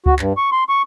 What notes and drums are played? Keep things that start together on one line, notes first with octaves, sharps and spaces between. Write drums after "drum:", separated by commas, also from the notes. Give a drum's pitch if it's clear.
F#4, drum: kick C#2
G2, drum: clap
C#6
C6
C#6